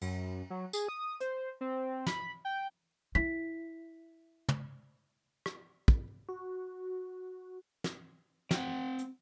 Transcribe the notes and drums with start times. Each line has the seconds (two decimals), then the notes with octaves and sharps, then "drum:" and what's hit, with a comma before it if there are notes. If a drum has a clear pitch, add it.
0.01 F#2, drum: cymbal
0.50 F#3
0.73 G#4, drum: tambourine
0.88 D#6
1.20 C5, drum: hi-hat
1.61 C4
2.06 B5, drum: snare
2.45 G5
3.15 E4 B6
4.49 drum: tom
5.46 drum: rim click
5.88 drum: kick
6.29 F#4
7.84 drum: snare
8.51 C4 F#5, drum: snare
8.99 drum: hi-hat